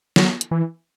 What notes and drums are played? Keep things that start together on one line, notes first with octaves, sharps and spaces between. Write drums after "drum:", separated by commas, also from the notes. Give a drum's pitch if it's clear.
F#3, drum: snare
drum: hi-hat
E3